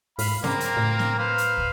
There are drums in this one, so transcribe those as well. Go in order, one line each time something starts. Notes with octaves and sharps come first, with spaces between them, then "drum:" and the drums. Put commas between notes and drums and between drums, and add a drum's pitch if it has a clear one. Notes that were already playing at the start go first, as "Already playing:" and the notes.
G#2 F5 B5, drum: open hi-hat
C#3 A#3 C4 A#4, drum: snare C4
drum: hi-hat
A2
drum: snare C4
B4 C5 F5
drum: hi-hat
drum: kick